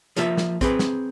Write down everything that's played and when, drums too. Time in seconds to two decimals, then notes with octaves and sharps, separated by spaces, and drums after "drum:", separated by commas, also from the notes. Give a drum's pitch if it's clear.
0.16 F3 A#3 F4 E5, drum: hi-hat
0.37 drum: snare
0.61 C4 G#4 B4, drum: kick, hi-hat
0.79 drum: snare